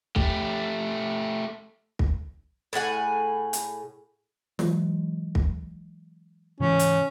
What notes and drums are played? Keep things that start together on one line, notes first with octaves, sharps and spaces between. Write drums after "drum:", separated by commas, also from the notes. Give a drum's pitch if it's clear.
A3 G4, drum: kick
drum: kick
A2 G#4 F#5 G#5
drum: hi-hat
E3 F#3 G#3, drum: snare
drum: kick
G#2 C#3 E3 C#4
drum: hi-hat